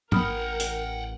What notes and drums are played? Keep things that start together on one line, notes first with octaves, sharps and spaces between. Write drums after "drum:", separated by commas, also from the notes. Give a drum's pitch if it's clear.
A1 A#4 F#5 G5 B5 D#6 F6, drum: tom
drum: hi-hat